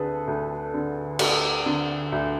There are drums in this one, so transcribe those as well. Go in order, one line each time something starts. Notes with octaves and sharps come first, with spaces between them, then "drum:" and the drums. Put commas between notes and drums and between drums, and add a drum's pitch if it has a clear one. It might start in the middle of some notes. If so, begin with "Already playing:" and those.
Already playing: D2 D3 G#4 A4 B4
D2
D3
D2, drum: cymbal
D3
D2